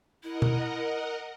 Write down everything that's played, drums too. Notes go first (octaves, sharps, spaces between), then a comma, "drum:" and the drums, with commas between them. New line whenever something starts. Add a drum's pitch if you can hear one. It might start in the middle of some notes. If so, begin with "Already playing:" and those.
E4 A#4 D#5 F#5
drum: tom B2